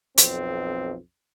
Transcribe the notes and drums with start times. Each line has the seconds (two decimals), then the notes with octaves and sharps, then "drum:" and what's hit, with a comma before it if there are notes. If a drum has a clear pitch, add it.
0.18 B1 F2 C4, drum: hi-hat